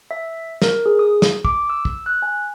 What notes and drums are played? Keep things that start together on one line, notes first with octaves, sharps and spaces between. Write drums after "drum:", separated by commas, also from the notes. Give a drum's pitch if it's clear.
E5
A#4, drum: snare
G#4
D#6
drum: snare
D6, drum: kick
E6
drum: kick
F#6
G#5